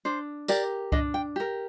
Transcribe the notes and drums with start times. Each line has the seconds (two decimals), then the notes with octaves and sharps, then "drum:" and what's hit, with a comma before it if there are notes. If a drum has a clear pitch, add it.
0.05 D4 C5
0.48 G4 A#4 D5, drum: tambourine
0.92 D4 D#5, drum: kick C#2
1.14 G5
1.36 G4 A#4